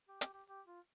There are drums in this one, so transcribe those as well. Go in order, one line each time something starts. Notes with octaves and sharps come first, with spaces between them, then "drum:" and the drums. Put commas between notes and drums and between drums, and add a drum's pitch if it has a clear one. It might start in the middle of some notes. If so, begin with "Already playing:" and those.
G4
G4, drum: hi-hat
G4
G4
F4